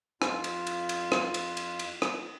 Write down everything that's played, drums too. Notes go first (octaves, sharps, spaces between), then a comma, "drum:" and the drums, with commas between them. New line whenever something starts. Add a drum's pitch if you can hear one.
F2 F4, drum: rim click
drum: cymbal
drum: cymbal
drum: cymbal
drum: rim click
drum: cymbal
drum: cymbal
drum: cymbal
drum: rim click